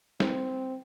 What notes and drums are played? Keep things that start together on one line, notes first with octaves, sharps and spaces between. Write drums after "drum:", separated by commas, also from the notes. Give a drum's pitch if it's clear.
C4, drum: snare